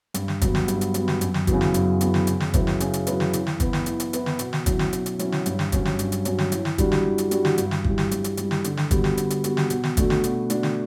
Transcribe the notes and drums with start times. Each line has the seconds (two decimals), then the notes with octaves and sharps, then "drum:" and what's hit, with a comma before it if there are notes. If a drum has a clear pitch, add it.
0.14 G2, drum: hi-hat
0.28 drum: snare
0.41 F#3 B3, drum: kick, hi-hat
0.55 drum: snare
0.68 G2, drum: hi-hat
0.81 drum: hi-hat
0.94 F#3 B3, drum: hi-hat
1.08 drum: snare
1.21 F#2, drum: hi-hat
1.34 drum: snare
1.47 C#3 E3 B3 F#4, drum: kick, hi-hat
1.61 drum: snare
1.74 F#2, drum: hi-hat
2.01 C#3 E3 B3 F#4, drum: hi-hat
2.14 drum: snare
2.27 C#3, drum: hi-hat
2.40 drum: snare
2.54 F#3 C#4 E4 B4, drum: kick, hi-hat
2.67 drum: snare
2.80 C#3, drum: hi-hat
2.93 drum: hi-hat
3.07 F#3 C#4 E4 B4, drum: hi-hat
3.20 drum: snare
3.33 E3, drum: hi-hat
3.47 drum: snare
3.60 B3 E4 B4, drum: kick, hi-hat
3.73 drum: snare
3.86 E3, drum: hi-hat
4.00 drum: hi-hat
4.13 B3 E4 B4, drum: hi-hat
4.26 drum: snare
4.39 B2, drum: hi-hat
4.53 drum: snare
4.66 F#3 C#4 E4, drum: kick, hi-hat
4.79 drum: snare
4.93 B2, drum: hi-hat
5.06 drum: hi-hat
5.19 F#3 C#4 E4, drum: hi-hat
5.32 drum: snare
5.46 G2, drum: hi-hat
5.59 drum: snare
5.72 F#3 C#4, drum: kick, hi-hat
5.85 drum: snare
5.99 G2, drum: hi-hat
6.12 drum: hi-hat
6.25 F#3 C#4, drum: hi-hat
6.38 drum: snare
6.52 E3, drum: hi-hat
6.65 drum: snare
6.78 G3 D4 F#4, drum: kick, hi-hat
6.92 drum: snare
7.05 E3
7.18 drum: hi-hat
7.31 G3 D4 F#4, drum: hi-hat
7.45 drum: snare
7.58 G2, drum: hi-hat
7.71 drum: snare
7.84 E3 G3, drum: kick
7.98 drum: snare
8.11 G2, drum: hi-hat
8.24 drum: hi-hat
8.37 E3 G3, drum: hi-hat
8.51 drum: snare
8.64 D3, drum: hi-hat
8.77 drum: snare
8.91 G3 B3 F#4, drum: kick, hi-hat
9.04 drum: snare
9.17 D3, drum: hi-hat
9.30 drum: hi-hat
9.44 G3 B3 F#4, drum: hi-hat
9.57 drum: snare
9.70 B2, drum: hi-hat
9.84 drum: snare
9.97 A3 D4 F#4, drum: kick, hi-hat
10.10 drum: snare
10.24 B2, drum: hi-hat
10.50 A3 D4 F#4, drum: hi-hat
10.63 drum: snare